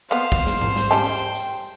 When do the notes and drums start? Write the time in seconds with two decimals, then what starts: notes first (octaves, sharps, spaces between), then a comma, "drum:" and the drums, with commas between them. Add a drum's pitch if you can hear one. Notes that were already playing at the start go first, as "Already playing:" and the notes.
0.11 A#3 B3 C5 F5
0.32 drum: kick
0.47 drum: snare
0.61 drum: tom G#2
0.76 drum: snare
0.91 G3 C#4 G5 A5
1.05 drum: hi-hat
1.35 drum: hi-hat